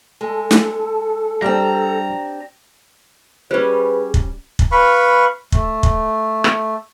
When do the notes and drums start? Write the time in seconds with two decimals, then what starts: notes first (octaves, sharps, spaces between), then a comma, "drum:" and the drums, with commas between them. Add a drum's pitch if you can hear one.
0.21 G#3 A4
0.51 drum: snare
1.42 G3 C4 D4 G4 A#5
3.51 G3 C#4 G#4 B4 C5
4.14 drum: kick
4.59 drum: kick
4.72 B4 F5 B5 C#6
5.52 A3, drum: kick
5.83 drum: kick
6.44 drum: rim click